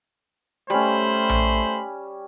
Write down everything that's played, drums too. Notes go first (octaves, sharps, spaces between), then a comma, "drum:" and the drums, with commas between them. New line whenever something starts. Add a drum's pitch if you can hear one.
G3 A3 C#4 C5 B5, drum: hi-hat
drum: tom A#1